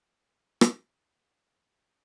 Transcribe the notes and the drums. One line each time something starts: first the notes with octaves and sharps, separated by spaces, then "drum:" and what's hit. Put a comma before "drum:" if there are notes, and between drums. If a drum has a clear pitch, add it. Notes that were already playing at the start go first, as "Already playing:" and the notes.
C#4 D#4 G#4 B5
drum: rim click